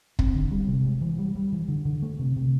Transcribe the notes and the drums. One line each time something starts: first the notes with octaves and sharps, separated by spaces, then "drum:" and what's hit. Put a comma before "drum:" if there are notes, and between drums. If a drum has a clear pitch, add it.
C4, drum: kick
D3
G3
C3
G#3
E3
G3
G3
E3
D3
D3
A3
C3
C3